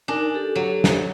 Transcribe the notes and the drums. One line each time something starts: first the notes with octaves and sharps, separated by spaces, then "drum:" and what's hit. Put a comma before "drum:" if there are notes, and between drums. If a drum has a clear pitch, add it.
D4 D#4 A#4 G#5
G4 A4
F#3
drum: snare